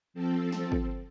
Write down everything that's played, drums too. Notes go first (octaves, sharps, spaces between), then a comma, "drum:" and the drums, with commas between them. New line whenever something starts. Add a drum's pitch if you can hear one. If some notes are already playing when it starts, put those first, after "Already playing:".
F3 C4 A4
drum: snare
drum: kick